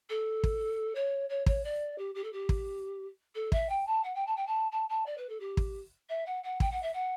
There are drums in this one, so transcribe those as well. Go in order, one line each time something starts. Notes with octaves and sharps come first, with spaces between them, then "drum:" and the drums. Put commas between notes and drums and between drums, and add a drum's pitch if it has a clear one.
A4
drum: kick
C#5
C#5
C#5, drum: kick
D5
G4
G4
A4
G4
drum: kick
A4
E5, drum: kick
G5
A5
F#5
G5
A5
G5
A5
A5
A5
D5
B4
A4
G4
drum: kick
E5
F#5
F#5
G5, drum: kick
F#5
E5
F#5